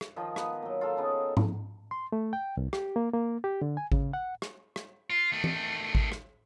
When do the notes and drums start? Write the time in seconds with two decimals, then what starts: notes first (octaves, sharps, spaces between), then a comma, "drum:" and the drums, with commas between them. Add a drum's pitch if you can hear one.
0.01 drum: rim click
0.16 D#3 F3 F4
0.36 B3 B4, drum: rim click
0.62 F#3 A#3
0.81 F4 A4
0.97 C#3 B3 D#4
1.37 drum: tom G#2
1.91 C6
2.12 A3
2.33 G5
2.57 C2
2.73 G4, drum: rim click
2.96 A#3
3.14 A#3
3.44 G4
3.62 D3
3.77 G#5
3.92 C#3, drum: kick G#1
4.13 F#5
4.42 drum: rim click
4.76 drum: rim click
5.10 F4
5.32 D#3 A3
5.44 drum: tom E3
5.95 drum: kick G#1
6.12 drum: rim click